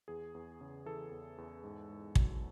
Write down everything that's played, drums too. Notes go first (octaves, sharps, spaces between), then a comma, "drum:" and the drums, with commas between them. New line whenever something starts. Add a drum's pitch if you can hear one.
E2 G#4
E2
C#3
E3 A4
E2
E2
G#2
G#2
F#3, drum: kick